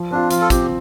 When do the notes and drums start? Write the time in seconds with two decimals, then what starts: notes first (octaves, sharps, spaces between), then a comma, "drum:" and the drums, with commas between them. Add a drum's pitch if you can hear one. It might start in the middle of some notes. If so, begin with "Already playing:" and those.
Already playing: F3
0.11 C4 D4 F4
0.30 F3 F4, drum: hi-hat
0.41 A4
0.50 C4 F4 G4, drum: kick, hi-hat